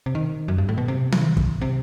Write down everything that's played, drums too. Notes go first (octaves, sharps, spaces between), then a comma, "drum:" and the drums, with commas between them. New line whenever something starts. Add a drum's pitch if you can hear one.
C3
D#3
F#2
G2
A2
B2
C3
drum: tom D#3
drum: kick
C3